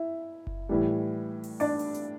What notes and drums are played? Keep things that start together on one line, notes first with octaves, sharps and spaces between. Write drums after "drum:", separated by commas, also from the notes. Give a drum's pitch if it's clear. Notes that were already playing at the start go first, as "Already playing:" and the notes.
Already playing: E4 E5
drum: kick F#1
A2 E3 G3
drum: open hi-hat
D4 D5, drum: open hi-hat
drum: open hi-hat
drum: hi-hat